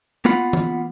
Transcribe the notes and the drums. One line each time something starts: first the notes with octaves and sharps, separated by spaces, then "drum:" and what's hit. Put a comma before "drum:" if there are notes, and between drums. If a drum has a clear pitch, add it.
A#3 B3 F4 F#5 B5
drum: tom E3